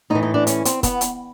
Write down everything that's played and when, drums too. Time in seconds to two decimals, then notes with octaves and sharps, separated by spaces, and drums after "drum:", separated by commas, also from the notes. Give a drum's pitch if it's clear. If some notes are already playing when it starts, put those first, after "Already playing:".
0.10 A2 D#4
0.15 E3
0.23 D#4
0.34 D4
0.47 C#4, drum: hi-hat
0.65 C4, drum: hi-hat
0.83 B3, drum: kick, hi-hat
1.01 drum: hi-hat